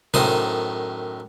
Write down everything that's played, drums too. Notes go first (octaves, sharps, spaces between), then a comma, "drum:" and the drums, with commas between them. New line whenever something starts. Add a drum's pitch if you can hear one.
F#2 A2 D#3 C5 D#6, drum: tom C3